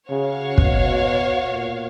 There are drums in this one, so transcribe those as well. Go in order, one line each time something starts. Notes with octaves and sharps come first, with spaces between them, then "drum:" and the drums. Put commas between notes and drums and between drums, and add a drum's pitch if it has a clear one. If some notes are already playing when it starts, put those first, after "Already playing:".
C#3 F#4 C#5 F5
B2, drum: kick
A#2